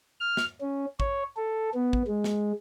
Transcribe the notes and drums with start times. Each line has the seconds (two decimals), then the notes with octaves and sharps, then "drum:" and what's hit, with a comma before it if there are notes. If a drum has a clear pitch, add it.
0.21 F6
0.37 drum: snare
0.61 C#4
1.00 C#5, drum: kick
1.37 A4
1.74 B3
1.93 drum: kick
2.07 G#3
2.24 drum: snare